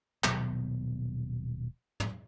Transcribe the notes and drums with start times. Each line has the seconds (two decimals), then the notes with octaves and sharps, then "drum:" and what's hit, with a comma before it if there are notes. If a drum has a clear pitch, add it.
0.24 D#1 B2 F#3 B3, drum: clap
2.00 drum: tom